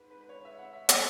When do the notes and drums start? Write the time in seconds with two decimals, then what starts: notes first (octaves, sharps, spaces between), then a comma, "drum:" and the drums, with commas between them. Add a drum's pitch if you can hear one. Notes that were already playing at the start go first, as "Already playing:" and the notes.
Already playing: G#2 B4
0.11 B4
0.21 B4
0.29 C#5
0.45 E5
0.59 F#5
0.73 E5
0.89 C#5, drum: hi-hat